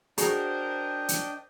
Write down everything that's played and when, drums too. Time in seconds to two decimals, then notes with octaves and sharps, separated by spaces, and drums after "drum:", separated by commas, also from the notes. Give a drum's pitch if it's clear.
0.18 D4 F#4 G#4 A#4 C5 D#5 G5 A#5, drum: hi-hat
1.09 drum: hi-hat